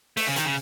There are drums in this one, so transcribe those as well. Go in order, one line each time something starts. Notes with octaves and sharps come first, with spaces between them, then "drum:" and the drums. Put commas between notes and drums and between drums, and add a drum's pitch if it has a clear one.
A3, drum: open hi-hat
C#3
D#3, drum: hi-hat
C#3